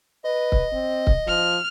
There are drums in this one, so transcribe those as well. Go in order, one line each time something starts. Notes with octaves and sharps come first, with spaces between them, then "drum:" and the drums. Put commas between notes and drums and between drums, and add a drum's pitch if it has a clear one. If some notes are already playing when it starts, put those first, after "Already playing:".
B4 D#5
drum: kick C#1
C4
drum: kick C#1
F3 F6